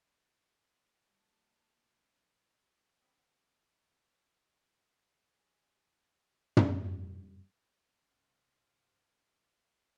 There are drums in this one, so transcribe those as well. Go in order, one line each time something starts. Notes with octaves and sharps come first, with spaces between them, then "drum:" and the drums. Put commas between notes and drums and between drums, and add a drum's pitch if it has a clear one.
G3 A#3 A5
C3 F#3 D4 F4
D3 C4 G5 B5 D#6
G4 G#4
drum: tom
A3
F1 B1 G2 C#4 C5 F5 F#5